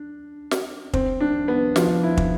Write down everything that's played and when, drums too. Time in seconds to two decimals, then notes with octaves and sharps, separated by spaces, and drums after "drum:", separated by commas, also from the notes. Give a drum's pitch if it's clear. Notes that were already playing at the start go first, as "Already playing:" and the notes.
Already playing: D4
0.51 drum: snare
0.93 C4, drum: kick
1.20 D4
1.48 B3
1.76 F3, drum: snare
2.03 E4
2.17 drum: kick